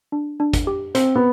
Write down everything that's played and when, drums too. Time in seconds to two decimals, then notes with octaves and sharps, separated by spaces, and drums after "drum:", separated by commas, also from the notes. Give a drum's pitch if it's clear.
0.12 D4
0.40 D4
0.53 drum: kick, hi-hat
0.67 G4
0.95 C4 C5, drum: hi-hat
1.16 B3